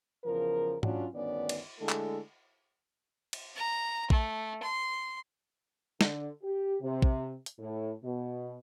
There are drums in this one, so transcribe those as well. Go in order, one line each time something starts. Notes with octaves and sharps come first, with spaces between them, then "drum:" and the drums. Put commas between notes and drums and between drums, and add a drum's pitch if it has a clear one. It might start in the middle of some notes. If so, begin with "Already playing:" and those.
E2 C#3 F3 A#4
F#3 C#4 D4 F4 F#4 C#5, drum: tom G#2
D2 G2 D#3 B3 C#4 D5
drum: cymbal
D3 G#3 A3 E4 A4
drum: clap
drum: cymbal
A#5
A3, drum: kick A#1
C6
D3, drum: snare
G4
C3
drum: kick A#1
drum: hi-hat
A2
B2